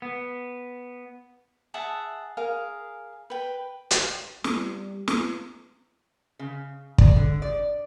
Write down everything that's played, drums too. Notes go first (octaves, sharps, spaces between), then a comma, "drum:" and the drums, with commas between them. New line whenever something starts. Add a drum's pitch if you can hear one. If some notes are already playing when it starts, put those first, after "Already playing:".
B3
G#4 E5 F#5 A5
G#4 A#4 F5
B4 G5
drum: hi-hat
G3, drum: snare
drum: snare
C#3
D5, drum: kick
D3
D5